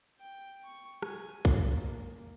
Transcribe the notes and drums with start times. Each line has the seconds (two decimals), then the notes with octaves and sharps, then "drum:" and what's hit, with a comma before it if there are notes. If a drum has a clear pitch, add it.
0.19 G5
0.65 C#6
1.03 G#5, drum: rim click
1.45 drum: kick
1.61 A#3